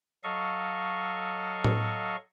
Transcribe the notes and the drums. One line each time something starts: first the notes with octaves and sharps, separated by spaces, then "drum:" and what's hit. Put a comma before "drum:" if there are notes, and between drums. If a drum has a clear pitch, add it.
F#3 A4 D#5 F5 C#6
drum: tom A2